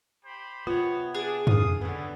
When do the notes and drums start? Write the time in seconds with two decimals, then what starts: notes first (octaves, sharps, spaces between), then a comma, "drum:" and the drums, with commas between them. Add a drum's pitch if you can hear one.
0.25 G4 C5 B5
0.67 C3 B3 F4 C#5
1.15 D4 G#4
1.47 F5 D#6, drum: tom
1.81 D3 G3 B3 E4 C#5